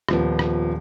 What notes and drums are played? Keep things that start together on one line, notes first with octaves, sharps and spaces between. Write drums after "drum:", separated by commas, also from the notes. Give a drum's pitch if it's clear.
D#1 F3 B3, drum: rim click
drum: rim click